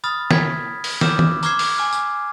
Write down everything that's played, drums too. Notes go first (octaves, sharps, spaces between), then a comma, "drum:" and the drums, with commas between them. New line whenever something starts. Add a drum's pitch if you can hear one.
B5 D#6 F6 A6
G#6 B6, drum: snare
drum: open hi-hat
D6 E6 F6 G6 E7, drum: snare
drum: tom
A#5 C#6 D6 F6 G#6 C7, drum: tambourine
drum: open hi-hat
G#5 D6 F6
drum: tambourine